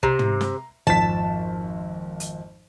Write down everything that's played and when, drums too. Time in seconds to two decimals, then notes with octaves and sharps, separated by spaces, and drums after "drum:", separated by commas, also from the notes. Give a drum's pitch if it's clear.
0.03 C3 A#5 C7, drum: kick
0.19 drum: tom
0.41 drum: snare
0.87 G#1 F2 A5 B6, drum: kick
2.20 drum: hi-hat